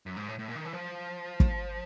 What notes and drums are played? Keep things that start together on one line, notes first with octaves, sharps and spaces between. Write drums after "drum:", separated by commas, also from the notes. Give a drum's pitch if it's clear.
F#2
G#2
A2
A2
A#2
D#3
E3
F3
drum: kick